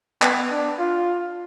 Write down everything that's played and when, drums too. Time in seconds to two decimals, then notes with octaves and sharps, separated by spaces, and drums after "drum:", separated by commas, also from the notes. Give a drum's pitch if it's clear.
0.22 B3, drum: clap
0.50 D4
0.79 F4